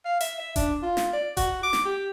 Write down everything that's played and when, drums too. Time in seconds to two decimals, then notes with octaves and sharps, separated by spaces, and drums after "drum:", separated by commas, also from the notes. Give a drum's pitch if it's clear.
0.05 F5
0.21 E5, drum: hi-hat
0.40 E5
0.56 D4, drum: kick D#1, hi-hat
0.82 F4
0.97 drum: snare
1.13 D5
1.37 F#4, drum: kick D#1, hi-hat
1.63 D6
1.73 drum: snare
1.85 G4